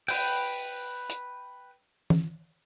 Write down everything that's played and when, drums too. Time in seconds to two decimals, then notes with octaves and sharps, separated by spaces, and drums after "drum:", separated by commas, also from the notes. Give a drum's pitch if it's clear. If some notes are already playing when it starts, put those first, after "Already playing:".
0.08 B4 G5, drum: open hi-hat
1.10 drum: hi-hat
2.10 drum: tom